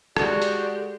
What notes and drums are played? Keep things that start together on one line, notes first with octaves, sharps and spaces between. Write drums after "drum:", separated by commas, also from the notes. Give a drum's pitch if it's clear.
G#3 F#4 G4 A4 D5, drum: rim click
drum: hi-hat